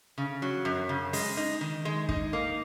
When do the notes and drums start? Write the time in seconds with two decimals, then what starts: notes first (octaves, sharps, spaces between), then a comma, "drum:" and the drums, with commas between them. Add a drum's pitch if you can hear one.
0.18 C#3
0.42 F#3
0.65 F#2
0.89 C#3
1.13 G#3, drum: open hi-hat
1.37 D#4
1.61 D#3
1.85 G#3
2.09 D#4, drum: kick
2.33 A#3